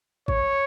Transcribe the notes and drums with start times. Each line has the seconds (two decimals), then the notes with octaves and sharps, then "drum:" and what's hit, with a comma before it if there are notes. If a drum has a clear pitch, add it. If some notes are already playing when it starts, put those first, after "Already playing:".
0.28 C#5, drum: kick G#1